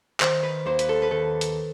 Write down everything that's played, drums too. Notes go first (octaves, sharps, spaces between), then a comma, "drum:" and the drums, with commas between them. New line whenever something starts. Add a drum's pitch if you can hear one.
D#3 C5, drum: clap
B4
D#2 C5
B4, drum: hi-hat
A4
B4
D#3 A4
drum: hi-hat